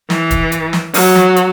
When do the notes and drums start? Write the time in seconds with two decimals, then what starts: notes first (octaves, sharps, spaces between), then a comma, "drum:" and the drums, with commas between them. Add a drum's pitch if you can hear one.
0.10 E3, drum: snare
0.31 drum: kick, hi-hat
0.52 drum: hi-hat
0.73 drum: snare
0.94 F#3, drum: open hi-hat
1.15 drum: snare
1.36 drum: hi-hat